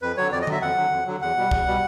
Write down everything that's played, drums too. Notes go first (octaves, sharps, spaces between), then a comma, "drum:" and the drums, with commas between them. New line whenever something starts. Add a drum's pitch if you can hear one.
F2 B4
D3 F#3 C#5
F2 D5
D#5
D3 F#3 E5, drum: tom D3
F2 F#5
D3 F#3
F2
D3 F#3
E2 F#5
B2 G3
E2, drum: kick
B2 G3